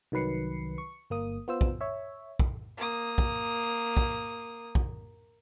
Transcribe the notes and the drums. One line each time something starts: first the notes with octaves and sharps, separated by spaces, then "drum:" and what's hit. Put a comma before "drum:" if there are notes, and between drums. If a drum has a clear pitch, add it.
C2 D#3 F#3 B4 C7 C#7
C#6
G1 A#3 D#6
B3 F4 C5 E6
drum: kick
C#5 E5
drum: kick
A#3 D#6
drum: kick
drum: kick
drum: kick